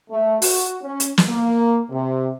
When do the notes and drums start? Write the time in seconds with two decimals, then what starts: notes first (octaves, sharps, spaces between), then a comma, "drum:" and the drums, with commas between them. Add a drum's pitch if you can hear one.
0.10 A3
0.42 F#4, drum: open hi-hat
0.82 C#4
1.00 drum: hi-hat
1.18 drum: snare
1.27 A#3
1.91 C3